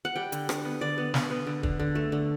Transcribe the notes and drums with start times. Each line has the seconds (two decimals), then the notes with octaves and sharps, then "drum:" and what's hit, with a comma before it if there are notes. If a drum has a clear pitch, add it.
0.05 F#5
0.16 G3 G5
0.32 D3, drum: hi-hat
0.49 D3, drum: rim click
0.65 B3
0.81 D3 D5
0.98 B3
1.14 B3, drum: snare
1.30 B3
1.46 D3
1.63 D3, drum: kick
1.80 D3
1.95 A3
2.12 D3